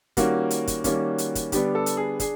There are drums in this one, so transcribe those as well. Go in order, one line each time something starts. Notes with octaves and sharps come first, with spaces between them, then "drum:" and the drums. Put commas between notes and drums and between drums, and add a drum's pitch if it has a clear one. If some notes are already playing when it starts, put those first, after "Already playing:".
D#3 G3 A#3 C#4 F#4, drum: kick, hi-hat
drum: hi-hat
drum: kick, hi-hat
D#3 G3 A#3 C#4, drum: kick, hi-hat
drum: hi-hat
drum: kick, hi-hat
D3 G3 B3 D4 G4, drum: kick, hi-hat
A4
drum: hi-hat
G#4
D4 G#4, drum: kick, hi-hat